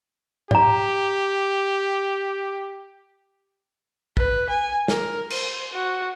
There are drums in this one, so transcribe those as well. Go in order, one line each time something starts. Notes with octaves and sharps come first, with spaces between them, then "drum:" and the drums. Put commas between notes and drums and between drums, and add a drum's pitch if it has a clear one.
G4 D5 A#5, drum: tom G#2
B4, drum: kick
G#5
A#4, drum: snare
C5, drum: cymbal
F#4